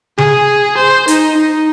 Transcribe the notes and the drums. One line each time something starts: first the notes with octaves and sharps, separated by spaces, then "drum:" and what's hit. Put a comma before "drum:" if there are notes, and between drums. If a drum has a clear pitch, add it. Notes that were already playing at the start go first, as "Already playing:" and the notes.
G#4, drum: tom C#3
C5
D#4, drum: hi-hat
D#4